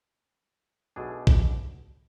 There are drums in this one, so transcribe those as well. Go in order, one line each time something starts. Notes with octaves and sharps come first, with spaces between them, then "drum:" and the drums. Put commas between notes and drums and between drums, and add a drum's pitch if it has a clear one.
B1 B2 A3 D4 G#4
drum: kick A#1